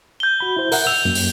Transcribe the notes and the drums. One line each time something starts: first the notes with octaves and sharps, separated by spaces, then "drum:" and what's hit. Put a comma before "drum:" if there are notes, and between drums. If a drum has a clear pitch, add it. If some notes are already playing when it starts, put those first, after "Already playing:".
G6 G7
F#4 B5
E4 C5
A#4 E5 F#5, drum: open hi-hat
E6 F7
F#2 A#3
drum: open hi-hat